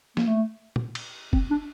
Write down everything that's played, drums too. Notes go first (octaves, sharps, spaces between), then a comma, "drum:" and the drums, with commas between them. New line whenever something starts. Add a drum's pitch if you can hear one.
A#3, drum: snare
A3
drum: tom
drum: cymbal
C4, drum: kick
D4